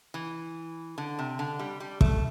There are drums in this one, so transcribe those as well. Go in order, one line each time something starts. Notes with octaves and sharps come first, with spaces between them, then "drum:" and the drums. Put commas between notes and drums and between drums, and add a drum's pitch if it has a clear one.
E3
D3
C3
D3
G3
G3
A3, drum: kick